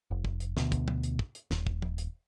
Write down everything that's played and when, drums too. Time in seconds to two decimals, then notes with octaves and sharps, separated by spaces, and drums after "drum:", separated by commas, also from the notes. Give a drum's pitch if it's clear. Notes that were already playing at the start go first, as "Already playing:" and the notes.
0.11 F1
0.25 drum: kick
0.40 drum: hi-hat
0.57 D2 B2, drum: snare
0.72 drum: kick, hi-hat
0.88 drum: tom
1.03 drum: hi-hat
1.19 drum: kick
1.35 drum: hi-hat
1.51 D#1, drum: snare
1.67 drum: kick
1.82 drum: tom
1.98 drum: hi-hat